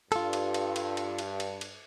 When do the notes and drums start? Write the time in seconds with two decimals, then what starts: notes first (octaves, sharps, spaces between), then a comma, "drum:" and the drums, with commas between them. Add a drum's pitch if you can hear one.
0.12 G2 F4 A4, drum: cymbal
0.33 drum: cymbal
0.54 drum: cymbal
0.76 drum: cymbal
0.97 drum: cymbal
1.19 drum: cymbal
1.40 drum: cymbal
1.61 drum: cymbal